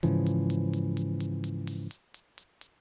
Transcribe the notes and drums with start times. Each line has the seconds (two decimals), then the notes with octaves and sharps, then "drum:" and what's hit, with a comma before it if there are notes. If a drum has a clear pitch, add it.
0.03 G#2 C#3 E3 F3, drum: hi-hat
0.26 drum: hi-hat
0.50 drum: hi-hat
0.73 drum: hi-hat
0.97 drum: hi-hat
1.20 drum: hi-hat
1.44 drum: hi-hat
1.67 drum: open hi-hat
1.91 drum: hi-hat
2.14 drum: hi-hat
2.38 drum: hi-hat
2.61 drum: hi-hat